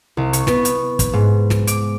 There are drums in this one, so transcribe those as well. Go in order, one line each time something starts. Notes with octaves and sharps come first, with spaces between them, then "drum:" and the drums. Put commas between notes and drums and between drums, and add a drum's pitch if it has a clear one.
C2
C#6, drum: hi-hat
B3, drum: snare
drum: hi-hat
drum: kick, hi-hat
G#2
drum: snare
D6, drum: hi-hat